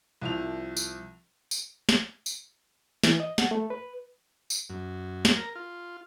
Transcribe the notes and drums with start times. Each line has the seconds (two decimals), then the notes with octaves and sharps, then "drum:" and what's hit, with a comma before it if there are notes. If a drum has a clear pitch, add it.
0.21 C2 F3 E5 F7
0.77 drum: tambourine
1.51 drum: tambourine
1.89 drum: snare
2.26 drum: tambourine
3.04 E3, drum: snare
3.20 D#5
3.38 F#5, drum: snare
3.51 A3
3.70 B4
4.50 drum: tambourine
4.69 F#2
5.25 drum: snare
5.37 A#4
5.55 F4